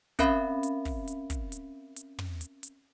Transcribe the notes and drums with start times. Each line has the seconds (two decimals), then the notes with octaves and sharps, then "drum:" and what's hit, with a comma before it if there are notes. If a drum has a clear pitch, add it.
0.19 C4 C#4 A#4 E5 F5 B5, drum: kick, hi-hat
0.63 drum: hi-hat
0.85 drum: kick, open hi-hat
1.08 drum: hi-hat
1.30 drum: kick, hi-hat
1.52 drum: hi-hat
1.96 drum: hi-hat
2.19 drum: tom
2.41 drum: hi-hat
2.63 drum: hi-hat